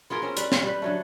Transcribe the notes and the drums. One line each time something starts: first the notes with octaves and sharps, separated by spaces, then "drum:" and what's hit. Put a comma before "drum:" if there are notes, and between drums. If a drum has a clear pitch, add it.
B3 F4 G#4 A#4
C4 C#4 A#4
G3 B4, drum: hi-hat
drum: snare
G3 B4
D3 F#3 A3